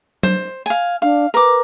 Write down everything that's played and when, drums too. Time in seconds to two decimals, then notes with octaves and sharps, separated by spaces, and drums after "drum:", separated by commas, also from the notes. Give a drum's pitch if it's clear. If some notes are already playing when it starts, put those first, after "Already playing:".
0.23 C5, drum: tom F#3
0.66 F5 G#5, drum: tambourine
1.02 D4 F5
1.34 A#4 B4 D6